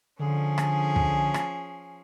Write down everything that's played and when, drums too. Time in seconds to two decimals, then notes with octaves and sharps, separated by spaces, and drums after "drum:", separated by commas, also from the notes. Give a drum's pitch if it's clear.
0.19 D3 F3 C#4 G#4
0.58 drum: rim click
0.96 drum: kick
1.34 drum: rim click